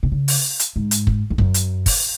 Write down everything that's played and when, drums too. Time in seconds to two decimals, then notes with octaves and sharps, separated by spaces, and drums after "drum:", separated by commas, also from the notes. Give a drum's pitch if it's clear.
0.03 B2
0.12 C#3
0.28 drum: open hi-hat
0.59 drum: hi-hat
0.76 G#2
0.91 drum: hi-hat
1.07 drum: kick
1.30 F2
1.38 F#2, drum: kick
1.54 drum: hi-hat
1.86 drum: kick, open hi-hat